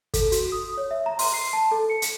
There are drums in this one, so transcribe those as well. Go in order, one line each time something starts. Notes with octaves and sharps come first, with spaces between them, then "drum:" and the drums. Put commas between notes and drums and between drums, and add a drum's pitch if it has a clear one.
A4, drum: kick, hi-hat
F#4, drum: hi-hat
D#6
C#5
E5
A#5
C6, drum: open hi-hat
C7
A5
A4
C#7
drum: hi-hat